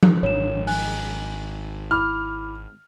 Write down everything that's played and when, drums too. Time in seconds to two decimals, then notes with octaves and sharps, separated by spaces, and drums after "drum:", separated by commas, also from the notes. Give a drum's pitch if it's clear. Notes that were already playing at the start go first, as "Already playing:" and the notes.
0.03 drum: tom F3
0.23 G#1 C#5 E7
0.67 G#5 F#6, drum: open hi-hat
1.91 E4 B5 D6 F6